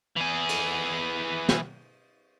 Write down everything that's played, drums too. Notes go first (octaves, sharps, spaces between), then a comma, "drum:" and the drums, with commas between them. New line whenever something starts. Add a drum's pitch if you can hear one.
E3 G#4
drum: cymbal
drum: snare